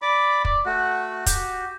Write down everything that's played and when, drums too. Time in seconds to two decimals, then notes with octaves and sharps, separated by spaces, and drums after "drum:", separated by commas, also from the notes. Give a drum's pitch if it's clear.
0.02 D5 B5 D6
0.45 D5, drum: kick
0.66 A3 F#4 F#5
1.26 F#4 G4, drum: kick, hi-hat